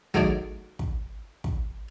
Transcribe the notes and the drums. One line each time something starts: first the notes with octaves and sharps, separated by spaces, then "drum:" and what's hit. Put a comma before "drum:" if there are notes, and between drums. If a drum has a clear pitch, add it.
F#3 A3 D#4 G#4 C#5 D5, drum: kick
drum: kick
drum: kick